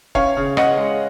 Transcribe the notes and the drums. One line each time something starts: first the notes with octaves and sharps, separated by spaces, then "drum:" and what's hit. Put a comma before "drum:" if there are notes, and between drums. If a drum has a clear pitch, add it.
C#4 C#5 F5, drum: kick F1
C#3
C#3 D#5 F#5, drum: rim click
G#3